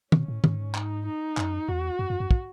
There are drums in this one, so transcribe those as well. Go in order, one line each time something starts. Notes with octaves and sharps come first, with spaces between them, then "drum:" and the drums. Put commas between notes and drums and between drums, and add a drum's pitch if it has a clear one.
B2 C#4, drum: tom
A2
G#2, drum: tom
D#4, drum: clap
D#4
F#2, drum: clap
E2 F#4
F#2
F#2
F#2
drum: kick